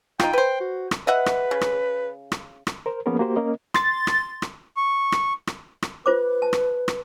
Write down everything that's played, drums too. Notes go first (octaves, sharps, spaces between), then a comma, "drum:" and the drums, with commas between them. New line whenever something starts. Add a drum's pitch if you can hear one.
D#4 F4 G5, drum: rim click
B4 C5
F#4
drum: rim click
B4 D#5 E5 F#5
drum: rim click
C#3
drum: rim click
drum: rim click
drum: rim click
A#4 C5
F3 A#3 B3 C#4 G#4 A#4
A#3 F#4 G4 C5
A#3 C#4 A#4 D#5
C6 A6, drum: rim click
drum: rim click
drum: rim click
C#6
drum: rim click
drum: rim click
drum: rim click
F4 B4 C5 D6
A5
drum: rim click
drum: rim click